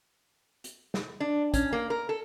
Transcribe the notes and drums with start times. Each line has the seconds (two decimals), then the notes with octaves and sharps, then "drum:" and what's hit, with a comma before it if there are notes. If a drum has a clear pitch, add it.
0.64 drum: hi-hat
0.94 drum: snare
1.20 D4
1.54 C#4, drum: kick, hi-hat
1.73 A#3
1.90 A#4
2.09 A4